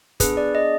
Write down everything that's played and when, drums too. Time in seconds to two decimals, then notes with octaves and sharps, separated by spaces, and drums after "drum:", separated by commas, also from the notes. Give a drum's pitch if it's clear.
0.20 B3 D4 G#4 B4, drum: kick, hi-hat
0.37 D5
0.55 D#5